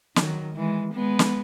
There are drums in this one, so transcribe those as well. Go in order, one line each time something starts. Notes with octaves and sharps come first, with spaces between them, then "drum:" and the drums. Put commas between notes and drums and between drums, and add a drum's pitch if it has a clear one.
D#3 F#3, drum: snare
E3 G#3
G#3 B3
drum: snare